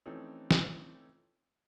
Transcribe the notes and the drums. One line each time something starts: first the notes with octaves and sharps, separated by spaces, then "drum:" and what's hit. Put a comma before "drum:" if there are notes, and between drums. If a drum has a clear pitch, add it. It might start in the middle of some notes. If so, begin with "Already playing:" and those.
E3 F3 A3 C4 C#4 D#4
drum: snare